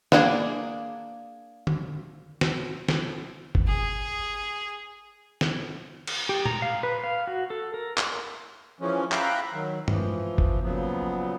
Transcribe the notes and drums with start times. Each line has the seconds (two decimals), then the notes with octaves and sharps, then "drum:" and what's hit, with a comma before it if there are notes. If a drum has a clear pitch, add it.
0.12 A#3 D4 G#4 G#5, drum: snare
1.67 drum: tom D3
2.41 drum: snare
2.88 drum: snare
3.55 drum: kick
3.67 G#4
5.41 drum: snare
6.07 drum: cymbal
6.29 G4
6.45 A#5, drum: tom
6.62 F5
6.83 B4
7.04 F5
7.27 F#4
7.50 A4
7.74 A#4
7.98 C6, drum: clap
8.81 E3 F3 G#3 C#4
9.12 E5 F5 G5 A#5 B5 F#6, drum: clap
9.54 D#3 F#3
9.88 E3 F3, drum: tom G2
10.38 drum: kick
10.63 A#2 C#3 F3 F#3 B3